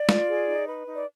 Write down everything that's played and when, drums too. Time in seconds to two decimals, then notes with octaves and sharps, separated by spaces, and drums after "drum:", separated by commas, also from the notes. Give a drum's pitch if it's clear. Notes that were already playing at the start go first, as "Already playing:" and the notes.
Already playing: D5
0.09 F4, drum: snare
0.28 G#4
0.48 D#4
0.67 B4
0.87 D#4
0.95 D5